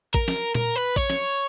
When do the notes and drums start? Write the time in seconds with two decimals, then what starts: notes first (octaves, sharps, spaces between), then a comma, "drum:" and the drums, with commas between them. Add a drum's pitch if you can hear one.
0.14 A#4, drum: kick A1
0.28 drum: snare
0.55 A#4, drum: tom A#2
0.76 B4
0.96 C#5, drum: kick A1
1.10 drum: snare